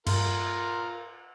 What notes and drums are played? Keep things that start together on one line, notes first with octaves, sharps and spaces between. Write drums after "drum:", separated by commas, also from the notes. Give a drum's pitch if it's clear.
G2 F4 A#4, drum: cymbal